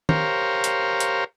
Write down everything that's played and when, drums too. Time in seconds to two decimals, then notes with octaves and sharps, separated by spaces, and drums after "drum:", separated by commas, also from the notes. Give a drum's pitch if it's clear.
0.09 G4 A#4 C5 C#5 F5, drum: tom D#3
0.64 drum: hi-hat
1.00 drum: hi-hat